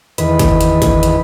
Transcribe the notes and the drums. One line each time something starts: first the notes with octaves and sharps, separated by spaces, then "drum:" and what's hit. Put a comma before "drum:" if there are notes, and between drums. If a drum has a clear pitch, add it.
E2 D#3 B4, drum: hi-hat
drum: kick G1, hi-hat
drum: hi-hat
drum: kick G1, hi-hat
drum: hi-hat